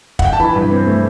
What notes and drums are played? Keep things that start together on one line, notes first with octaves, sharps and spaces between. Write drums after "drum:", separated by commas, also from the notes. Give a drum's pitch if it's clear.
F#5, drum: kick
G5
A5
E3 B5
G2
C4
A3